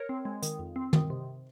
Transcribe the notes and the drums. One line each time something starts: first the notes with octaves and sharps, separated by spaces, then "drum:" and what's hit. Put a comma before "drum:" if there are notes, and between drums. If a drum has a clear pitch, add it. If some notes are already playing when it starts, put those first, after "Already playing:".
Already playing: A#4 C#5
C4
G#3
D#3, drum: hi-hat
F2
C4
D#3, drum: tom
C3